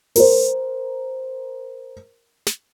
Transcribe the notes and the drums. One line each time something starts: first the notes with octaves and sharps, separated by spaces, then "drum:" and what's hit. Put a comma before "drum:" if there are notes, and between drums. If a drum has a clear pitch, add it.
A#4 C5, drum: open hi-hat
drum: snare